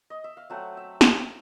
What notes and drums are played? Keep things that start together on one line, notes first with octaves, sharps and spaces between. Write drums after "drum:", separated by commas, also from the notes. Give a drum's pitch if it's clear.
D#5
E5
F5
F#3 A3 C4 F#5
E5
drum: snare